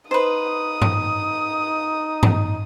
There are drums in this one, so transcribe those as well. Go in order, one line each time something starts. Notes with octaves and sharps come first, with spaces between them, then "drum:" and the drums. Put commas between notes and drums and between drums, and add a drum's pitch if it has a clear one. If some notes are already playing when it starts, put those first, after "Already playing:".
D#4 B4 C5 D#6
drum: tom G2
drum: tom G2